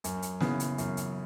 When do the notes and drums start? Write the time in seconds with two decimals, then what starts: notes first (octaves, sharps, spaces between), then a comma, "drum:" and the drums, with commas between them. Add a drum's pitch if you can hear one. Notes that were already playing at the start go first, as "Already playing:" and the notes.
0.04 F#2, drum: hi-hat
0.22 drum: hi-hat
0.40 C#3 E3 B3, drum: snare
0.60 drum: hi-hat
0.78 F#2, drum: hi-hat
0.97 drum: hi-hat